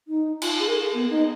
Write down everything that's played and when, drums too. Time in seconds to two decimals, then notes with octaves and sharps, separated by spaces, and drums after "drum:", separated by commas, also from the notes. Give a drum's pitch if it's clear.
0.08 D#4
0.42 F4, drum: cymbal
0.59 G#4
0.68 A#4
0.77 G#4
0.94 B3
1.10 D#4